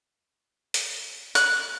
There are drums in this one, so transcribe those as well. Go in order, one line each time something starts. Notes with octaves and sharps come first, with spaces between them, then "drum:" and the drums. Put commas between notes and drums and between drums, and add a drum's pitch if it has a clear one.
drum: hi-hat
F#6, drum: hi-hat